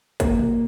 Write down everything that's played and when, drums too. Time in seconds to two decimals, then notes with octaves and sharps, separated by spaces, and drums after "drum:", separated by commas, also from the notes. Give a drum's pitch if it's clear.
0.20 A#3, drum: kick, hi-hat
0.39 drum: tom A#2